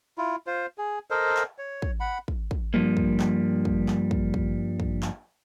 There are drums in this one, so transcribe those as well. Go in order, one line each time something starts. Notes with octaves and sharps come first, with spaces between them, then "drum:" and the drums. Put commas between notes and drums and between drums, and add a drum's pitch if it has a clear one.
E4 F4
F4 C5
G#4
A4 A#4 C5 D#5
drum: clap
C#5
drum: kick
F#5 B5
drum: kick
drum: kick
G2 A#2 F3 G3 A#3
drum: kick
drum: clap
drum: kick
drum: clap
drum: kick
drum: kick
drum: kick
drum: clap